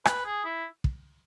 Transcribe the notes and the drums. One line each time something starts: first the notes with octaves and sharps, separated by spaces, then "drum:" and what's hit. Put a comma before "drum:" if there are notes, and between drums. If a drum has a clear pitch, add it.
B4, drum: rim click
G#4
E4
drum: kick